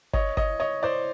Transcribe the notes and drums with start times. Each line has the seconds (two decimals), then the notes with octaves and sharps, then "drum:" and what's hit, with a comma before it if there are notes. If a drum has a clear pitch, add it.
0.13 C#5 D#5, drum: kick G1
0.37 C#5 D#5, drum: kick G1
0.60 C#5 D#5
0.83 C5 D5